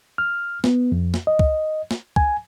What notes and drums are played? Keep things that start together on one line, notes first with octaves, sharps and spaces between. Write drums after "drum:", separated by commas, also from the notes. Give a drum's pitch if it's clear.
F6
B3, drum: snare
F2
drum: snare
D#5
drum: kick
drum: snare
G#5, drum: kick